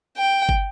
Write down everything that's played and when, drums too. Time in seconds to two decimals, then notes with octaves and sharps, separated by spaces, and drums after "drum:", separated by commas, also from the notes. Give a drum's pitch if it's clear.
0.17 G5
0.49 drum: kick